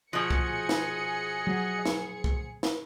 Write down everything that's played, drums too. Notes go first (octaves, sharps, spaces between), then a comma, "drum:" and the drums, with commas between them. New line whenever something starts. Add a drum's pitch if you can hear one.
B2 F3 G#4 D#5 F#6 C#7
drum: kick
drum: snare
F#3
drum: snare
drum: kick
drum: snare